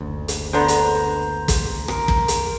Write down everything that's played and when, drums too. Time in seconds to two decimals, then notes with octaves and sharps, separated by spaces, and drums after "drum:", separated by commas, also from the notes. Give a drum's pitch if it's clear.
0.01 F#1 D2
0.28 drum: hi-hat
0.53 D3 B3 C5 A#5
0.68 drum: hi-hat
1.48 drum: kick, hi-hat
1.88 A#4, drum: rim click
2.08 drum: kick
2.28 drum: hi-hat